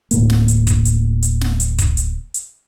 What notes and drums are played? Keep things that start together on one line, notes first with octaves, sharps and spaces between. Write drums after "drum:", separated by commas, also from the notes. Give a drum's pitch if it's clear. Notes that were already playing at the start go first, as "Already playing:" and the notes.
D1 A2 A#3, drum: hi-hat
drum: snare
drum: hi-hat
drum: kick, hi-hat
drum: hi-hat
drum: hi-hat
drum: snare
drum: hi-hat
drum: kick, hi-hat
drum: hi-hat
drum: hi-hat